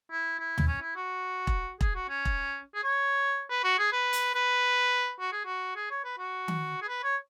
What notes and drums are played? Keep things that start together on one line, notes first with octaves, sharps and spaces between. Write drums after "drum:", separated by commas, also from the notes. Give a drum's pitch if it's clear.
E4
E4
drum: tom
C#4
E4
F#4
drum: kick E1
G#4, drum: kick E1
F#4
C#4
drum: kick E1
G#4
C#5
B4
F#4
G#4
B4
drum: hi-hat
B4
F#4
G#4
F#4
G#4
C#5
B4
F#4
drum: tom D#3
G#4
B4
C#5